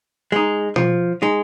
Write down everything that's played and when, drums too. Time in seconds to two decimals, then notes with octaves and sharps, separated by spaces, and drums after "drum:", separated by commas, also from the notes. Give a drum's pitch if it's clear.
0.32 G#3 D#4
0.76 F3, drum: tom B2
1.22 G#3 D#4